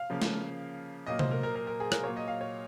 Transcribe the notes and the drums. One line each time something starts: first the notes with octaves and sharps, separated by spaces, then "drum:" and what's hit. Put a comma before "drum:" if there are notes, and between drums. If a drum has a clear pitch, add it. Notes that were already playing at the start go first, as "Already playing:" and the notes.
Already playing: F5
C#3 F3 A#3
drum: snare A3
A#2 F#3 A#3 D#5
C5, drum: tom C3
A#4
A#4
A#4
A#4
G#4
A#4, drum: rim click
A#2 F#3 A#3 C#5
D#5
F5
C#5